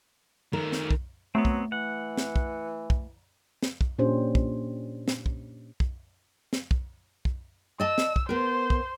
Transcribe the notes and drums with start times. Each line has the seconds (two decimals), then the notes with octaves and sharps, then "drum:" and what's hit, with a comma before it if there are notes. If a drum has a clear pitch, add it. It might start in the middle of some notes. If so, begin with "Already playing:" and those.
0.53 D#3 A3 A#4
0.72 drum: snare
0.91 drum: kick
1.35 F#3 A3 B3 C4
1.45 drum: kick
1.72 E3 F#5
2.17 drum: snare
2.36 drum: kick
2.90 drum: kick
3.63 drum: snare
3.81 drum: kick
3.98 A#2 C#4 D4 G4 C5
4.35 drum: kick
5.08 drum: snare
5.26 drum: kick
5.80 drum: kick
6.53 drum: snare
6.71 drum: kick
7.25 drum: kick
7.80 D5 D#5 A5 E6
7.98 drum: snare
8.16 drum: kick
8.29 B3 A#4 C5
8.70 drum: kick